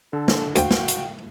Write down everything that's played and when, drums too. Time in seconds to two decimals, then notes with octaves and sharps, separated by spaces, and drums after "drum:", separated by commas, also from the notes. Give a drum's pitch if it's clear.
0.13 D3 A4
0.28 drum: snare
0.56 D2 F#4 F5 G5, drum: hi-hat
0.71 drum: snare
0.88 drum: hi-hat